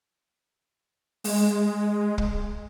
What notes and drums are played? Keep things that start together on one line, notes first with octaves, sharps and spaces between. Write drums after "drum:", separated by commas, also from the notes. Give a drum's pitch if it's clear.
G#3, drum: open hi-hat
drum: kick